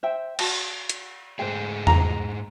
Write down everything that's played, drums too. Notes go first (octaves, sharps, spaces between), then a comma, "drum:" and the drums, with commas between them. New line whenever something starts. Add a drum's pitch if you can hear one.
C5 E5 G5
F#4 A5, drum: cymbal
drum: hi-hat
G#2 A3 G#4 C5 G5
A#5, drum: tom E2